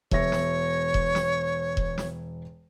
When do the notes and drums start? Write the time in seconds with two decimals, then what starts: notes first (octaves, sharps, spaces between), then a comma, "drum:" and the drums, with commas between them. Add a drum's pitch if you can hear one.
0.11 E1 C#5 E5 A#6, drum: kick E1
0.32 drum: snare
0.94 drum: kick E1
1.15 drum: snare
1.77 drum: kick E1
1.98 drum: snare